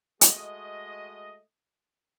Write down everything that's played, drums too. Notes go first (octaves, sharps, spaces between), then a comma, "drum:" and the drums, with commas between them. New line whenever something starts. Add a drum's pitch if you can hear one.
G#3 A3 F#4 D#5, drum: hi-hat